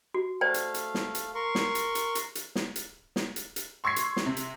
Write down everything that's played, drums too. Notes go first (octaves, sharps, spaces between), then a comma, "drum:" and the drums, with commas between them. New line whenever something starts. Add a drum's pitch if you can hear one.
F#4
A3 C5 D5 F5 G5
drum: hi-hat
drum: hi-hat
drum: snare
drum: hi-hat
A#4 C6 C#6
drum: snare
drum: hi-hat
drum: hi-hat
drum: hi-hat
drum: hi-hat
drum: snare
drum: hi-hat
drum: snare
drum: hi-hat
drum: hi-hat
C6 C#6 E6 G#6 C7
drum: hi-hat
drum: snare
C3
drum: hi-hat